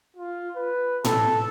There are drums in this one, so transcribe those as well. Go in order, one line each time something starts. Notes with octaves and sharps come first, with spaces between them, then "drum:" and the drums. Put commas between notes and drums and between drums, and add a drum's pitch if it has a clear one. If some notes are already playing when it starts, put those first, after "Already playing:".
F4
B4
A4, drum: tom A2